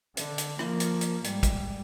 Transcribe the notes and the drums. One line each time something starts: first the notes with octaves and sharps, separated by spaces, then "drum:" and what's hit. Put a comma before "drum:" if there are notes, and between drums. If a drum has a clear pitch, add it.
D3, drum: hi-hat
drum: hi-hat
F3 A#3, drum: rim click
drum: hi-hat
drum: hi-hat
G#2 G3, drum: hi-hat
drum: kick, hi-hat